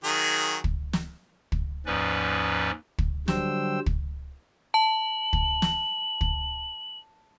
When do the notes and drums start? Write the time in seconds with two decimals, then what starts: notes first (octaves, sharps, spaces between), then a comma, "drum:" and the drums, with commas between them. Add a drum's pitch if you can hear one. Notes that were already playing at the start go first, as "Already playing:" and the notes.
0.04 D#3 F#3 G#4
0.64 drum: kick
0.93 drum: snare
1.52 drum: kick
1.86 D#2 G#2 F3 C#4 B4 D5
2.98 drum: kick
3.28 D3 F#3 G3 C5 G5 E6, drum: snare
3.86 drum: kick
4.74 A5 F#7
5.33 drum: kick
5.62 drum: snare
6.21 drum: kick